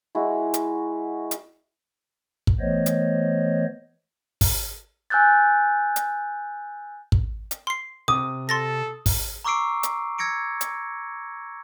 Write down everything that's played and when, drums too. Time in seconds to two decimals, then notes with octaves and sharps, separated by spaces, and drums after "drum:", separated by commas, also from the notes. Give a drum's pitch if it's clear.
0.15 G#3 E4 F#4
0.54 drum: hi-hat
1.31 drum: hi-hat
2.47 drum: kick
2.60 E3 A3 B3 C5 C#5 D#5
2.86 drum: hi-hat
4.41 drum: kick, open hi-hat
5.10 G#5 E6 F#6 G6 A6
5.96 drum: hi-hat
7.12 drum: kick
7.51 drum: hi-hat
7.67 C6 C7
8.08 C3 D6 D#6
8.49 A4 C6 A6 A#6
9.06 drum: kick, open hi-hat
9.44 A#5 C#6 D6 E6 C7 D7
9.83 drum: hi-hat
10.19 E6 G#6 A#6 C#7 D7
10.61 drum: hi-hat